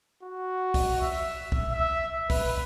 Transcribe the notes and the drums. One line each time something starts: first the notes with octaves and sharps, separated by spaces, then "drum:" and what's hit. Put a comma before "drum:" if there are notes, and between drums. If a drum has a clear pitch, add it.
F#4
drum: kick C2, open hi-hat
E5
drum: kick C2
E5
B4, drum: kick C2, open hi-hat